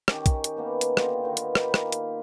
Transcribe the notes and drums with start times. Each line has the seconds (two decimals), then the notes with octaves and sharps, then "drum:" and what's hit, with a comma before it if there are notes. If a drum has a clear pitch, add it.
0.08 D#3 C#4 G4, drum: rim click
0.26 drum: kick, hi-hat
0.44 drum: hi-hat
0.57 A#3 B3 D#4
0.81 drum: hi-hat
0.97 D3 D#4 F4 G4, drum: rim click
1.24 D#3 B3
1.37 drum: hi-hat
1.55 A#3 D#4 G4 B4, drum: rim click
1.74 drum: rim click
1.92 drum: hi-hat